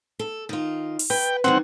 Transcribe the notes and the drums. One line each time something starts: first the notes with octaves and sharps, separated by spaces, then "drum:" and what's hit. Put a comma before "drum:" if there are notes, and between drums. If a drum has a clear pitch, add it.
A4
D#3 F4
drum: open hi-hat
B4 G5
D#3 E3 G3 C4 F#5